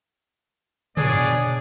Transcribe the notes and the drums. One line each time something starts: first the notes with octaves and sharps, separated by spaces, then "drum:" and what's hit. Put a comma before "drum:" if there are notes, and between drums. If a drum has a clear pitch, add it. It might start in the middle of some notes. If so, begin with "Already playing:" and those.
B2 D4 G#4 C#5 D5, drum: tom